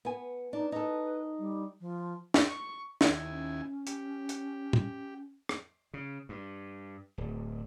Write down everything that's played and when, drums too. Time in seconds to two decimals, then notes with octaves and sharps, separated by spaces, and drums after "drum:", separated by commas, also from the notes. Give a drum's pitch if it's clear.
0.05 B3 G#5
0.53 D4 D#4
0.72 D#4 A4 B4
1.39 G3
1.81 F3
2.34 drum: snare
2.48 C#6
3.01 D#2 E4 G#5, drum: snare
3.30 C#4
3.87 G4, drum: hi-hat
4.29 drum: hi-hat
4.73 drum: tom
5.49 drum: rim click
5.94 C#3
6.29 G2
7.18 D1